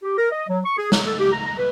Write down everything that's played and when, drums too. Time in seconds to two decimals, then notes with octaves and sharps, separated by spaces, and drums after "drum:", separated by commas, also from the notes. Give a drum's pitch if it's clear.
0.02 G4
0.17 A#4
0.31 D#5
0.48 F#3
0.64 C#6
0.76 G#4
0.92 F#3, drum: snare
1.05 A4
1.18 G4
1.32 A#5
1.45 A#5
1.57 B4